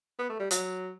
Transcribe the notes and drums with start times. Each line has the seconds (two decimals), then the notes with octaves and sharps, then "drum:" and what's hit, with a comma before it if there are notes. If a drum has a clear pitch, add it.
0.19 B3
0.30 A3
0.40 G3
0.51 F#3, drum: hi-hat